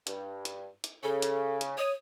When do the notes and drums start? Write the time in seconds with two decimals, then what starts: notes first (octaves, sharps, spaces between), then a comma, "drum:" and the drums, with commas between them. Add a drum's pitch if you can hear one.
0.07 G2, drum: hi-hat
0.45 drum: hi-hat
0.84 drum: hi-hat
1.03 C#3 A4
1.22 drum: hi-hat
1.61 drum: hi-hat
1.77 C#5 D#6